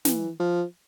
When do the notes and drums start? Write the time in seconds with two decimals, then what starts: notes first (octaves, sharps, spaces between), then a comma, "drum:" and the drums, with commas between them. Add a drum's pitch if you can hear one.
0.05 E3, drum: snare
0.40 F3